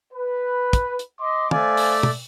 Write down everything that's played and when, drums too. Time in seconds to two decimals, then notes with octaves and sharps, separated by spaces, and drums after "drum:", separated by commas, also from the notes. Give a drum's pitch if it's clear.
0.13 B4
0.73 drum: kick, hi-hat
0.99 drum: hi-hat
1.20 D#5 C6 D6
1.51 A3 C5 D5 F5 G#5, drum: tom
1.77 drum: open hi-hat
2.03 drum: tom